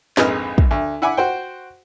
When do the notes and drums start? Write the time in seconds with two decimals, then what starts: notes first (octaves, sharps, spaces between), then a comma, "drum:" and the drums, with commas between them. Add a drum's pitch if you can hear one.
0.17 A#1 F2 G#2 B4 D#5 F6, drum: snare
0.58 drum: kick
0.71 D2
1.02 E4 F#5 G#5 B5 D6
1.17 F#4 C5 G5